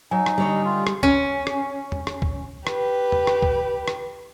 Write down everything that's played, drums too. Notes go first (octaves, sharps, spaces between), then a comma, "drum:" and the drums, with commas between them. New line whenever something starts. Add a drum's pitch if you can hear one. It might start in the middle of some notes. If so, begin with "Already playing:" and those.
F#3 D#4 G#5
drum: rim click
D3 G3 C#5 D#5
F4
drum: rim click
C#4, drum: kick C2
drum: rim click
drum: tom
drum: rim click
drum: kick C2
G4 B4, drum: rim click
drum: tom
drum: rim click
drum: kick C2
drum: rim click